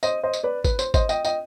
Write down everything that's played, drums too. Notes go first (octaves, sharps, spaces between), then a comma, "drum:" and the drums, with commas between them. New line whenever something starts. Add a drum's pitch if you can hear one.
C5 D#5, drum: tambourine
C5 D#5
drum: tambourine
B4 D5
B4, drum: kick G#1, tambourine
C5, drum: tambourine
C5 D#5, drum: kick G#1, tambourine
D#5 G5, drum: tambourine
D#5 G5, drum: tambourine